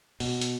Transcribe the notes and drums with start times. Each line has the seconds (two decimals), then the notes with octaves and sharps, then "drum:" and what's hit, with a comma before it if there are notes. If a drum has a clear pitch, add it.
0.20 B2, drum: open hi-hat
0.42 drum: hi-hat